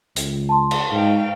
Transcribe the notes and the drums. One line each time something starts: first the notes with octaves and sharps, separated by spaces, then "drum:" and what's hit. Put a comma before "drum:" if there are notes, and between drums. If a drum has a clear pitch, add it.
C#2, drum: hi-hat
A5 C6
drum: cymbal
G#2 F5 G5